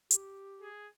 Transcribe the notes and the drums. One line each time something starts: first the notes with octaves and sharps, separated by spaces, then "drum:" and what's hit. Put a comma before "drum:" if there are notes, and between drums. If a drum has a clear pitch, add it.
G4, drum: hi-hat
G#4